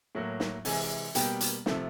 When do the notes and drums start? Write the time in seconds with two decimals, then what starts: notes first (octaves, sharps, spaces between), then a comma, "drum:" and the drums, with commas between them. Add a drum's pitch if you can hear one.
0.15 A2 F#3 A#3
0.40 drum: snare
0.65 C3 E3 G#3 G#5, drum: open hi-hat
1.15 B2 G3 A#3 G5, drum: hi-hat
1.41 drum: hi-hat
1.66 C3 F3 A3, drum: snare